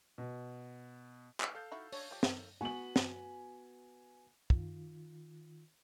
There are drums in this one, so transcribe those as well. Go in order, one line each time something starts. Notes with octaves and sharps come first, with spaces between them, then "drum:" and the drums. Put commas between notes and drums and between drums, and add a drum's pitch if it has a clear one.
B2
drum: clap
A4 F5 G6
D#4 E4 F#4
D4 C#5, drum: open hi-hat
F3 G4
D#3, drum: snare
B3 F#4 G#5 F#7
drum: snare
D#3 F4, drum: kick